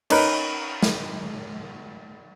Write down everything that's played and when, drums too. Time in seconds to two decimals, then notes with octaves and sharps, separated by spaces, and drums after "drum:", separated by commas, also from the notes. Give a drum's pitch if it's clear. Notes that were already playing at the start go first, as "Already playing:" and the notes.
0.10 C#4 D#4 A#4 B4, drum: cymbal
0.83 drum: snare